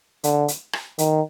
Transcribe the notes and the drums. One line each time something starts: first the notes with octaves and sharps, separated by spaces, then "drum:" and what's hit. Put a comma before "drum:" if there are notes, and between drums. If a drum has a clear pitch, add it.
D3, drum: hi-hat
drum: hi-hat
drum: rim click
D#3, drum: hi-hat